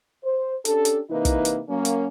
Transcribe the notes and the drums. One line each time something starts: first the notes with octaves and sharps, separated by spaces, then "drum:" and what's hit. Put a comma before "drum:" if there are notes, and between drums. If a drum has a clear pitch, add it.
C5
C#4 D4 G4 A4, drum: hi-hat
drum: hi-hat
C3 E3 A#3 D#4 E4 B4
drum: kick, hi-hat
drum: hi-hat
F#3 A#3 C#4
drum: hi-hat